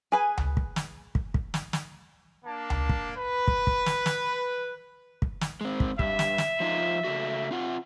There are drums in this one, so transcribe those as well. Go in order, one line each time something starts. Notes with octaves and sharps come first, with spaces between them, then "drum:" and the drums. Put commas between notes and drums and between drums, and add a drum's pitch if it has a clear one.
G#4 B4 G#5
drum: tom C#2
drum: kick
drum: snare
drum: kick
drum: kick
drum: snare
drum: snare
A#3 D4 A5
drum: tom C#2
drum: kick
B4
drum: kick
drum: kick
drum: snare
drum: snare
drum: kick
drum: snare
G#3 C4
drum: kick
G2 E5, drum: kick
drum: snare
drum: snare
F3 D#4 F4
C#3 A3 F#4
C4 F4 F#5